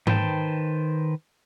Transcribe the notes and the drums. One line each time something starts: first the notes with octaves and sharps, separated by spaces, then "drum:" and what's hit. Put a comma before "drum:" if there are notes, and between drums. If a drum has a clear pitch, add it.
D#3 B4 C5 G5 A5, drum: tom G#2